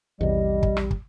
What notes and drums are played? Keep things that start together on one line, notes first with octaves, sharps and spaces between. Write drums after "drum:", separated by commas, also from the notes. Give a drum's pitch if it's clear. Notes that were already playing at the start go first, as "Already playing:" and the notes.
A#1 E2 C3 G3 D#5
drum: kick
drum: rim click
drum: kick